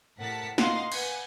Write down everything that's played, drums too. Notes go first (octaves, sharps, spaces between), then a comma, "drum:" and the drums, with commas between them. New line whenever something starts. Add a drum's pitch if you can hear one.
A2 C3 A#4 F#5 A5 B6
A#3 D#5 F5 F#5 C6, drum: snare
B4 F#5 G#5, drum: cymbal